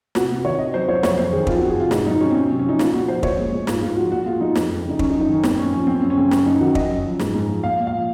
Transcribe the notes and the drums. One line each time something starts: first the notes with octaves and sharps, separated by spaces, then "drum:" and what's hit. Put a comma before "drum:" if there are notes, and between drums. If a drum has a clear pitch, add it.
C3 F#4, drum: snare
C3
D#3 C#5
C3 D#5
F#3 C5
F#3 C#5
F2 C#5, drum: snare
F2 C5
D#3 G#4
F2 F4, drum: kick
F#4
F2
G#4
C3 F4
G#2 D#4, drum: snare
F#3 D#4
F#3 C#4
C4
C3 C#4
C3
C#4
F3 D#4
A#2 F4, drum: snare
A#2 F#4
F3 C5
A#2 C#5, drum: kick
G#3
G#3
G#2 F4, drum: snare
G#2 F4
F3 F#4
A#2 F#4
G#3 F4
G#3 D#4
F2, drum: snare
F2
C#3 D#4
F#2 C#4, drum: kick
D#4
F#2
D#4
D#3 C#4
A#2 C4, drum: snare
A#2 C#4
F3 C#4
F#2 C4
C#4
F#2 C4
C#4
C#3 C4
F#2 C#4, drum: snare
F#2 D#4
D#3 F#4
F#2 D#5, drum: kick
F#2
F3
G#2, drum: snare
G#2
F3
A#2 F5
A#2
F5
F3